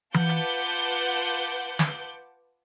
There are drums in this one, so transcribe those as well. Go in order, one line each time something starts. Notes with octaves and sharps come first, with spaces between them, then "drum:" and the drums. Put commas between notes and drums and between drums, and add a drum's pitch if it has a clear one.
F4 B4 F#5 A5 D6 G6, drum: tom E3
drum: hi-hat
drum: snare